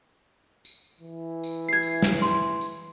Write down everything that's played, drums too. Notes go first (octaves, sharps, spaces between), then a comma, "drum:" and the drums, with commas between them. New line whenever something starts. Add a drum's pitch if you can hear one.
drum: tambourine
E3
drum: tambourine
G#6 C7
drum: tambourine
drum: snare
C6, drum: tambourine
drum: tambourine